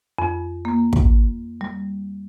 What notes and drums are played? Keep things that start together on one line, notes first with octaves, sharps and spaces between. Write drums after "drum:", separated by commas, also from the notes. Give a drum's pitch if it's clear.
F2
A#3
drum: kick
G3